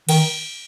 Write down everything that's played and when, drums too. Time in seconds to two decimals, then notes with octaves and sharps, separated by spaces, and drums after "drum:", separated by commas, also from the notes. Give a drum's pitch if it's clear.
0.09 D#3, drum: cymbal